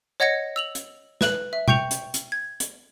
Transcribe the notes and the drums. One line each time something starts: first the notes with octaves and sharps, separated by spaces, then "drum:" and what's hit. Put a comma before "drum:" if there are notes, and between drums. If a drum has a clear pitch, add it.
C#5 D#5 F#5 G#6 A#6 C#7
E6 F7 F#7
drum: hi-hat
B4 F#6 F#7, drum: snare
E5
G5 C#6 G6 C#7 F7, drum: tom B2
drum: hi-hat
drum: hi-hat
G#6
drum: hi-hat